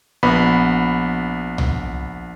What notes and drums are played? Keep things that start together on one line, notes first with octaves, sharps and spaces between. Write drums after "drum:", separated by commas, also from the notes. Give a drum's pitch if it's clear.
A#1 B3 B5
drum: tom